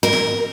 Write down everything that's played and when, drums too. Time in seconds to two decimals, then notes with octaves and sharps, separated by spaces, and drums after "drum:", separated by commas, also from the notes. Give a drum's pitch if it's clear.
0.03 A#4
0.13 drum: snare